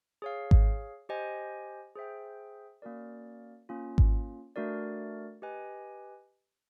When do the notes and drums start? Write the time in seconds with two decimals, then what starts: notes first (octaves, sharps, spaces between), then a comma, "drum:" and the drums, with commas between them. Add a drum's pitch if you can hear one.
0.22 G#4 C#5 F5
0.51 drum: kick G#1
1.09 G4 C5 D#5 G#5
1.95 G#4 C5 E5 G5
2.82 A#3 C#4 F#4 A#4 D5
3.69 A#3 C#4 F4
3.98 drum: kick G#1
4.56 A3 D4 F#4 A#4 D5
5.42 G4 B4 D#5 G#5